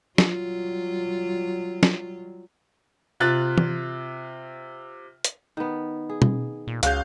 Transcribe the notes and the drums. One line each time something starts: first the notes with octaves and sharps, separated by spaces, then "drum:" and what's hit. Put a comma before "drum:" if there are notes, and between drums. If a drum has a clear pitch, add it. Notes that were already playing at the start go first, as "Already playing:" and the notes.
F#3 G3 F4, drum: snare
drum: snare
C3 F4 F#6 A6
drum: tom
drum: hi-hat
D#3 B3
G#4
drum: tom
A#2
C#2 C#3 C#4 F#4 F5 G6, drum: hi-hat